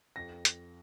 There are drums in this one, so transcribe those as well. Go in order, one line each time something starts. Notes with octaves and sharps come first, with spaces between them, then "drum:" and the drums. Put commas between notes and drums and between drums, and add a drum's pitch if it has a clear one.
F2 A#6
drum: hi-hat